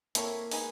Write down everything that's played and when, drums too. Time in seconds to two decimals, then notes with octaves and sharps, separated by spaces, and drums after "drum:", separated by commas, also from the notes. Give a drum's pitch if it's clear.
0.15 A#3 C4 E4 A4 C#5, drum: hi-hat
0.51 G#3 B3 D#4 G#4, drum: open hi-hat